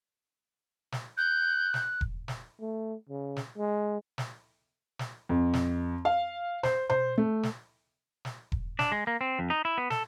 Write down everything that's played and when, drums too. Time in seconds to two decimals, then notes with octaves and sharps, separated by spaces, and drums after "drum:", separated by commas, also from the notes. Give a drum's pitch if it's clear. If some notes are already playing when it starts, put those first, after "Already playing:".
0.92 drum: snare
1.17 F#6 G6
1.74 drum: snare
2.01 drum: kick E1
2.28 drum: snare
2.60 A3
3.09 C#3
3.36 drum: snare
3.57 G#3
4.18 drum: snare
4.99 drum: snare
5.29 F2
5.53 drum: snare
6.05 F5
6.63 C5, drum: snare
6.90 C5, drum: tom B2
7.18 A3
7.43 drum: snare
8.25 drum: snare
8.52 drum: kick E1
8.79 D4, drum: snare
8.92 G#3
9.07 A#3
9.21 C4
9.39 F2
9.50 D#4
9.65 E4
9.78 B3
9.90 A4, drum: snare